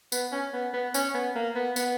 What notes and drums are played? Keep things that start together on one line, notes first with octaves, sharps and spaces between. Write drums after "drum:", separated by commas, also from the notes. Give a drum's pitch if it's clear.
B3, drum: tambourine
C#4
B3
B3
C#4, drum: tambourine
B3
A#3
B3
B3, drum: tambourine